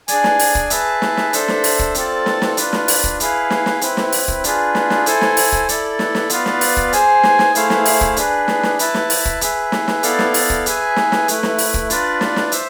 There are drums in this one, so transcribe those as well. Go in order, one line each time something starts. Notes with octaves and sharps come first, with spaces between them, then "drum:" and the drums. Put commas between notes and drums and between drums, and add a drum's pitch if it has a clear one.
D4 G#4 D5 G#5, drum: hi-hat
drum: snare
drum: open hi-hat
drum: kick
G#4 B4 E5 A5, drum: hi-hat
drum: snare
drum: snare
D4 A4 C5 E5, drum: hi-hat
drum: snare
drum: open hi-hat
drum: kick
C4 F4 A4 D5 A5, drum: hi-hat
drum: snare
drum: snare
D4 F4 B4, drum: hi-hat
drum: snare
drum: open hi-hat
drum: kick
E4 G#4 B4 F5, drum: hi-hat
drum: snare
drum: snare
C4 E4 B4, drum: hi-hat
drum: snare
drum: open hi-hat
drum: kick
D4 F4 G#4 B4, drum: hi-hat
drum: snare
drum: snare
E4 A4 C5 G#5, drum: hi-hat
drum: snare
drum: open hi-hat
drum: kick
E4 A4 D5, drum: hi-hat
drum: snare
drum: snare
B3 F4 B4 D5 F5, drum: hi-hat
drum: snare
drum: open hi-hat
drum: kick
G#4 C5 G#5, drum: hi-hat
drum: snare
drum: snare
A3 E4 G#4 C5 F5, drum: hi-hat
drum: snare
drum: open hi-hat
drum: kick
D4 G#4 B4, drum: hi-hat
drum: snare
drum: snare
E4 B4 E5 A5, drum: hi-hat
drum: snare
drum: open hi-hat
drum: kick
G#4 B4 E5, drum: hi-hat
drum: snare
drum: snare
B3 E4 A4 D5 F5, drum: hi-hat
drum: snare
drum: open hi-hat
drum: kick
G#4 B4 E5 G#5, drum: hi-hat
drum: snare
drum: snare
A3 E4 B4, drum: hi-hat
drum: snare
drum: open hi-hat
drum: kick
D4 F4 B4 D5, drum: hi-hat
drum: snare
drum: snare
C5 E5, drum: hi-hat